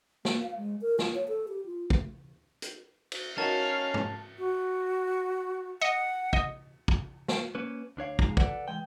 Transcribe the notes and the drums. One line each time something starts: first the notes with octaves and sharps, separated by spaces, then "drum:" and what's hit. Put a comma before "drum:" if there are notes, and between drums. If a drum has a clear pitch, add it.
A#3, drum: snare
F5
G#3
A#4
F4, drum: snare
C#5
A4
G4
F4
A3, drum: kick
drum: hi-hat
drum: cymbal
C#4 D#4 F#4 A#4 F5 A5 A6
drum: tom
F#4
D#5 F#5 C#7
D#5, drum: kick
drum: kick
drum: snare
A#3 C#4 B4
D2 D4 C#5 F5
F3 G#3 D#4 G#4, drum: kick
A4 B4 D5 F#5, drum: kick
E3 G#3 G5